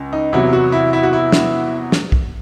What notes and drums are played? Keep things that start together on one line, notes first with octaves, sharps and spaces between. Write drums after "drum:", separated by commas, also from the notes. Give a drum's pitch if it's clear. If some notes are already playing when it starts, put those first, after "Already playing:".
Already playing: C#2
D#4
E2 C3 F#3 E4
F#4
E4
E4
F#4
E4
drum: snare
drum: snare
drum: kick B1